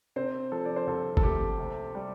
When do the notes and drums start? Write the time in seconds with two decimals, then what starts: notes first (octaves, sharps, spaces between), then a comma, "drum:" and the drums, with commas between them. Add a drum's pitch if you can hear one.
0.16 C3 C4 C5
0.52 F3 A4
0.65 D5
0.76 C5
0.87 C2 A4
1.17 A4, drum: kick G1
1.23 A3 G4
1.58 C3
1.95 G3